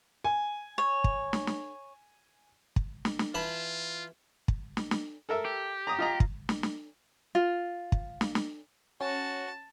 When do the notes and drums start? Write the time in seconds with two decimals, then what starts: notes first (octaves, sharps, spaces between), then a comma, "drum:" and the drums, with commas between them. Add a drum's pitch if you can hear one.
0.24 G#5
0.78 C#5
1.04 drum: kick
1.33 drum: snare
1.47 drum: snare
2.76 drum: kick
3.05 drum: snare
3.19 drum: snare
3.35 E3 F4 A5 B5
4.48 drum: kick
4.77 drum: snare
4.91 drum: snare
5.29 A4 A#4 E5
5.45 G4
5.87 A#5 D#6
5.99 F4 D#5 A#5
6.20 drum: kick
6.49 drum: snare
6.63 drum: snare
7.35 F4
7.92 drum: kick
8.21 drum: snare
8.35 drum: snare
9.01 C#4 F#4 A5